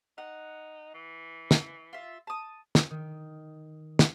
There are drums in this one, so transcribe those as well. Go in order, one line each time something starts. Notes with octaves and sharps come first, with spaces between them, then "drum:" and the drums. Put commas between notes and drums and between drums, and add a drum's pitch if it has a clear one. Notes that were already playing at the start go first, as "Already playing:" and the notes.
D#4 F#5
E3
drum: snare
F4 E5
A5 D#6
drum: snare
D#3
drum: snare